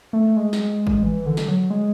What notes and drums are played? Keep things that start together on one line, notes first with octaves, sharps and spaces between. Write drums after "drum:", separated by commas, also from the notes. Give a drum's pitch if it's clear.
A3
G#3
drum: snare
drum: kick G#1
E3
D3
drum: snare
F#3
G#3